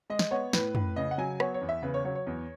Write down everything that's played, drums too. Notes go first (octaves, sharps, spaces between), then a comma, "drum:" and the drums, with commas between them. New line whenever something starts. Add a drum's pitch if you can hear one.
G#3 D#5
drum: snare
B3 C#5
A2 B4, drum: snare
A2, drum: tom
C#3 D#5
F#5
F#3 G#5
B3 C#5, drum: rim click
C#5
E2
E5
C#3 B4
C#5
F#3 C#5
C#5
E2